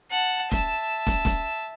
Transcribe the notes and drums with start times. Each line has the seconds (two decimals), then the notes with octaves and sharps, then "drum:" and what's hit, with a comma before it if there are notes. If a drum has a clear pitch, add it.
0.11 F#5 A5
0.52 E5 A5, drum: snare
1.07 drum: snare
1.25 drum: snare